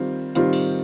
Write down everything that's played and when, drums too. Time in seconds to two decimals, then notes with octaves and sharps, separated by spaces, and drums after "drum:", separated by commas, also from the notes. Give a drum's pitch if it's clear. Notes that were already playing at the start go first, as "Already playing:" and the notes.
Already playing: D#3 G3 C4 F4
0.35 D#3 G3 C4 F4, drum: hi-hat
0.53 drum: open hi-hat